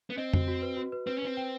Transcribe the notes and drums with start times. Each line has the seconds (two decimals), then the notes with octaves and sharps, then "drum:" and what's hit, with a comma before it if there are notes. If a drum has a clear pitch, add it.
0.10 B3
0.17 C4 D#5
0.33 F#4, drum: tom F2
0.48 F#4
0.62 B4
0.77 F#4
0.92 B4
1.07 C4 B4
1.16 C#4
1.22 C4 B4
1.37 G5